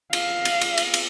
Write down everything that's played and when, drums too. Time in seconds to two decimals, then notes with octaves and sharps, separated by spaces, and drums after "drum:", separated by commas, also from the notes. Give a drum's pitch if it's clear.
0.13 F5, drum: cymbal
0.45 drum: cymbal
0.61 drum: cymbal
0.78 drum: cymbal
0.94 drum: cymbal